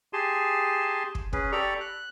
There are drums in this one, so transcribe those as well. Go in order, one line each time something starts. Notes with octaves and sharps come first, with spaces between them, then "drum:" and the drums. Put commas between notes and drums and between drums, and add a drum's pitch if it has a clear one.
G4 G#4 G#5 A5 C6
drum: kick
C#4 G#4 B4, drum: kick
G4 A4 D5 A#5 B5 C#6
F#6